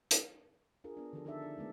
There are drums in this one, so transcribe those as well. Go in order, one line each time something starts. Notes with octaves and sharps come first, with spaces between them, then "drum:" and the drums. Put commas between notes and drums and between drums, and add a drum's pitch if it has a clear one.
drum: hi-hat
D4 F4 G#4 A#4
B3 D4
D3 D#3 F3 D4 G4 A4
D4 D#4 A4 D5 E5
D4
D#3 G#3 A3 B3